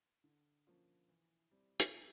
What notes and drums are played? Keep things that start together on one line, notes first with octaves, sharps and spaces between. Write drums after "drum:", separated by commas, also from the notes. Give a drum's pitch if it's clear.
D3
F3 A#3 C#4 F4
E3
G3 C4
drum: hi-hat
F3